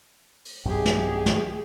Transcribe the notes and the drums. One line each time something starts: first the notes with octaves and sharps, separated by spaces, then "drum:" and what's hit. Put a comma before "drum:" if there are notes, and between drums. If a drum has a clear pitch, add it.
drum: open hi-hat
B1 G2 C3 G4 G#4
drum: snare
drum: snare